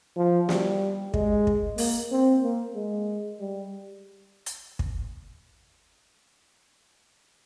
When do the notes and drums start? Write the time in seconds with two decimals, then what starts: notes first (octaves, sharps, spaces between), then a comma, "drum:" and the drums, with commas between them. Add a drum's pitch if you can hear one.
0.17 F3
0.49 G3, drum: snare
1.14 G#3, drum: kick
1.47 drum: kick
1.78 A#3, drum: open hi-hat
2.11 C4
2.43 A#3
2.76 G#3
3.40 G3
4.46 drum: hi-hat
4.79 drum: kick